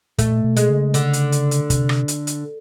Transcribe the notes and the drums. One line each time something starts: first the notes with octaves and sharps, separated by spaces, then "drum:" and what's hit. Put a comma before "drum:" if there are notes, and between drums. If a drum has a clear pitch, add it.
A#2 A3, drum: kick, hi-hat
B2
G#3, drum: hi-hat
C#3
D3, drum: hi-hat
drum: hi-hat
drum: hi-hat
drum: hi-hat
C3, drum: kick, hi-hat
drum: rim click
drum: hi-hat
drum: hi-hat